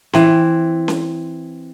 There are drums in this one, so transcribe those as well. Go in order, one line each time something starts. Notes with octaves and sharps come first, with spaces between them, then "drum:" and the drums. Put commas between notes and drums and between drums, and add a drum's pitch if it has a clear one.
E3 C4, drum: snare C#4
drum: snare C#4